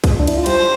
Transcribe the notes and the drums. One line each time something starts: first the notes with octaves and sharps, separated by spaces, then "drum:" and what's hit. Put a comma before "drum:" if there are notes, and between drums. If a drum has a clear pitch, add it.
drum: kick C2, cymbal
D4
E4, drum: cymbal
F4
G3 G4 C5, drum: cymbal